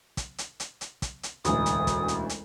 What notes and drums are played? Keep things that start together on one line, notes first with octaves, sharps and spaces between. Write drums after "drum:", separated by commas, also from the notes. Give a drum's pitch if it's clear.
drum: kick, hi-hat
drum: hi-hat
drum: hi-hat
drum: hi-hat
drum: kick, hi-hat
drum: hi-hat
E1 A1 D2 D#6, drum: hi-hat
drum: hi-hat
drum: kick, hi-hat
drum: hi-hat
drum: hi-hat